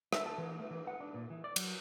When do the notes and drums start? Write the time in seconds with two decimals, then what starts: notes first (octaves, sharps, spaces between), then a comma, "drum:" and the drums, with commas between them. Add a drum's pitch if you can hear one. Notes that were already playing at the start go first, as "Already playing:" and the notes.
0.13 E5, drum: rim click
0.26 A4
0.38 E3
0.59 A3
0.71 E3
0.87 F#5
1.00 D4
1.14 A#2
1.30 E3
1.44 D5
1.56 F#3, drum: cymbal